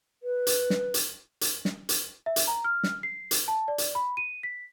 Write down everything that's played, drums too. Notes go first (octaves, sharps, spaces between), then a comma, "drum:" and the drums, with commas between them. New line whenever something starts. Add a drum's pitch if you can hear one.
B4
drum: hi-hat
drum: snare
drum: hi-hat
drum: hi-hat
drum: snare
drum: hi-hat
E5
drum: hi-hat
A#5
F6
drum: snare
C7
drum: hi-hat
A5
D5
drum: hi-hat
B5
D#7
B6